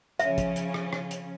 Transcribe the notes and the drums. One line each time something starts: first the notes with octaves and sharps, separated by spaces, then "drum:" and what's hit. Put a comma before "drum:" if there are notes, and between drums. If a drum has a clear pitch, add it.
C#3 F3 C#4 E5, drum: hi-hat
drum: kick, hi-hat
drum: hi-hat
drum: rim click
drum: rim click
drum: hi-hat